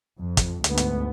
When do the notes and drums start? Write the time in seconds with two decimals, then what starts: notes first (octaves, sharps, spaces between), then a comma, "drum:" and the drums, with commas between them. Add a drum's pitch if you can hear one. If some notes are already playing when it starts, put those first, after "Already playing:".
0.19 F2
0.37 drum: kick, hi-hat
0.64 D2 G#2 B3, drum: hi-hat
0.77 drum: hi-hat